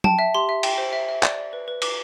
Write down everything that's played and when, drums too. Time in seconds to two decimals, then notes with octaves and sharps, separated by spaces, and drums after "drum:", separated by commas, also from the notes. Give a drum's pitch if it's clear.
0.04 G5 A5, drum: tom
0.19 E5
0.34 G4 C6
0.49 E5
0.63 G5, drum: cymbal
0.78 C5
0.93 E5
1.09 E5
1.23 D5, drum: clap
1.38 D5
1.53 B4
1.68 B4
1.82 B4 D6, drum: cymbal